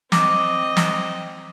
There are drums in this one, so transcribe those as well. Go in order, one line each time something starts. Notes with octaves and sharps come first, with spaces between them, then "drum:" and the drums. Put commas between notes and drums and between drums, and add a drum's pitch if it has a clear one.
C4 D#5 D6, drum: snare
drum: snare